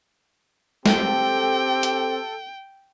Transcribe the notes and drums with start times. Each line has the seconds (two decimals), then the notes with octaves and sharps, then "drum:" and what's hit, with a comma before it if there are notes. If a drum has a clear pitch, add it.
0.86 C4 G4 A4 G5, drum: snare
1.83 drum: hi-hat